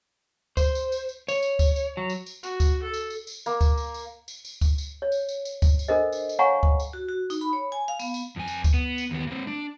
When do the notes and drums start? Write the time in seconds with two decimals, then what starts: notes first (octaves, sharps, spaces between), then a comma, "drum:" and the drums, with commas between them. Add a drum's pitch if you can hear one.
0.57 C5, drum: kick D2, tambourine
0.75 drum: tambourine
0.92 drum: tambourine
1.09 drum: tambourine
1.28 C#5, drum: tambourine
1.42 drum: tambourine
1.59 drum: kick D2, tambourine
1.76 drum: tambourine
1.97 F#3
2.10 drum: tambourine
2.26 drum: tambourine
2.43 F#4, drum: tambourine
2.60 drum: kick D2, tambourine
2.83 A4
2.94 drum: tambourine
3.10 drum: tambourine
3.27 drum: tambourine
3.46 A#3, drum: tambourine
3.61 drum: kick D2, tambourine
3.77 drum: tambourine
3.94 drum: tambourine
4.28 drum: tambourine
4.45 drum: tambourine
4.61 drum: kick D2, tambourine
4.78 drum: tambourine
5.02 C#5
5.12 drum: tambourine
5.29 drum: tambourine
5.45 drum: tambourine
5.62 drum: kick D2, tambourine
5.79 drum: tambourine
5.88 D4 A4 A#4 C5 D#5
6.13 drum: tambourine
6.29 drum: tambourine
6.39 C#5 F5 F#5 G#5 A#5 C#6
6.63 drum: kick D2
6.80 drum: tambourine
6.93 F#4
7.08 F#4
7.30 D#4, drum: tambourine
7.41 B5
7.53 C#5
7.72 G#5
7.88 F5
7.99 B3, drum: tambourine
8.14 drum: tambourine
8.36 F2 G#5
8.48 drum: tambourine
8.64 drum: kick D2, tambourine
8.74 B3
8.98 drum: tambourine
9.11 D#2 B3
9.27 A#3 C4
9.47 D4